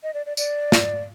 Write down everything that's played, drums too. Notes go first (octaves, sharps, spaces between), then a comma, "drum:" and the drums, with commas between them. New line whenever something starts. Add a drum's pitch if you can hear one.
D#5
D5
D5
D5, drum: tambourine
drum: snare